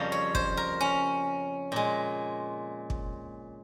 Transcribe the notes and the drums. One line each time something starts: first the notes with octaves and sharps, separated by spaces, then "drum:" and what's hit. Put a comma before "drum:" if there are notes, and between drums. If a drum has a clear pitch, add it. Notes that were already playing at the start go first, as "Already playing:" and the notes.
Already playing: F2 C#3 G3 A#3
C#5
C5, drum: kick
A#4
C#4
A#2 G#3
drum: kick